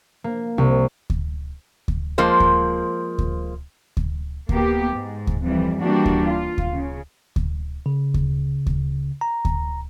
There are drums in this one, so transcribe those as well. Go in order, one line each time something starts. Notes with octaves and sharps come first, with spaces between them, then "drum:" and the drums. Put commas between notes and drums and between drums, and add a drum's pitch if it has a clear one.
A#3
C2
drum: kick D2
drum: kick D2
F3 G#3 A#3 C5
drum: kick D2
drum: kick D2
drum: kick D2
A#3 B3 G4, drum: kick D2
G#2
drum: kick D2
F2 E3 G3
E3 G3 A#3 D4 F#4 G4
drum: kick D2
F4
drum: kick D2
C#3
drum: kick D2
C#3
drum: kick D2
drum: kick D2
A#5
drum: kick D2